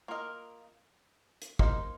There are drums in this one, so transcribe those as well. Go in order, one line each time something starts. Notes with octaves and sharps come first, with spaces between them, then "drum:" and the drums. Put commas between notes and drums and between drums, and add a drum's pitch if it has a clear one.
A#3 F4 A#4 D#5
drum: hi-hat
A#3 D#4 C5 D#5, drum: kick